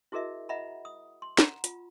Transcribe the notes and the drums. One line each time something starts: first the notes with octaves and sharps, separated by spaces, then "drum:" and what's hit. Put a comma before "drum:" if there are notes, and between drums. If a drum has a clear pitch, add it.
E4 F#4 G#4 A#4 D#5 E5
D#5 E5 F#5 A#5 B5
D#6
C6
F#5 A#5, drum: snare
F4, drum: hi-hat